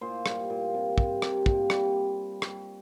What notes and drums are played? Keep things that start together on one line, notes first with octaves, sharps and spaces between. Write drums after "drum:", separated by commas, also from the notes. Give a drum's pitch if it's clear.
A#2 C5
G3, drum: rim click
A#2
C3
C3, drum: kick
C3, drum: rim click
A#2, drum: kick
G3, drum: rim click
drum: rim click